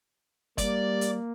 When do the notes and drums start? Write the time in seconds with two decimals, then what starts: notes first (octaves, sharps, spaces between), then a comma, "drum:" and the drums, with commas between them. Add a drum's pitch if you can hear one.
0.58 G3 A#3 D5, drum: kick, hi-hat
1.01 drum: hi-hat